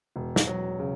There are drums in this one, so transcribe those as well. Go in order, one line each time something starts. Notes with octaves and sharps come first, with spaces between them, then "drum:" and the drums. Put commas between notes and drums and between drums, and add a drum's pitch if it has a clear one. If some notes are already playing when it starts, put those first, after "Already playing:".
E1
drum: snare
F#3
C#3